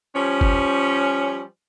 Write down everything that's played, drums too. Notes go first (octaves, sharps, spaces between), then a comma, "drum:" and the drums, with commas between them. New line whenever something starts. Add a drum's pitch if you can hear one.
F3 G3 C#4
drum: kick